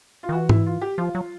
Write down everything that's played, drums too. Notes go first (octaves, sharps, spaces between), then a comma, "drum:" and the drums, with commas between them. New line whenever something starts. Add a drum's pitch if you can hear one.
F4
D#3
E3 F#4
E4, drum: tom G#2
F4
G4
F3 F4
F#3